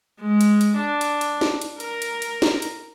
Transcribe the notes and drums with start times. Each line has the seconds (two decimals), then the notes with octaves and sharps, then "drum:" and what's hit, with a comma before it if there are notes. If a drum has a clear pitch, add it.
0.20 G#3
0.41 drum: hi-hat
0.61 drum: hi-hat
0.76 D4
1.01 drum: hi-hat
1.21 drum: hi-hat
1.41 drum: snare
1.61 drum: hi-hat
1.80 A#4, drum: hi-hat
2.02 drum: hi-hat
2.22 drum: hi-hat
2.42 drum: snare
2.62 drum: hi-hat